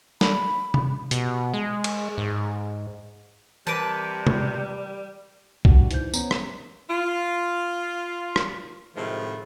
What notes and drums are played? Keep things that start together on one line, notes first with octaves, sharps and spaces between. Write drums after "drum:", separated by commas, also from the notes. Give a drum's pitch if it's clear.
B5, drum: snare
drum: tom C3
B2 G4, drum: hi-hat
G#3 G#4
drum: cymbal
G#2
C3 E3 G3 A#3 B4 A5 D7
drum: tom
G3 D4 F#4, drum: kick B1
E3 D#4 C5 G6, drum: hi-hat
B3 C#4 A#5, drum: tambourine
drum: rim click
F4
drum: rim click
A2 C3 D#3 F3 G#3 A3